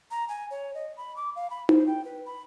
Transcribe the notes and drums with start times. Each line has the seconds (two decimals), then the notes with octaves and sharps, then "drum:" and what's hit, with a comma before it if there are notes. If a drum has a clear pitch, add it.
0.11 A#5
0.29 G#5
0.51 C#5
0.75 D#5
0.97 B5
1.16 D6
1.36 F5
1.50 B5
1.69 C5, drum: tom D#4
1.87 G5
2.04 B4
2.26 B5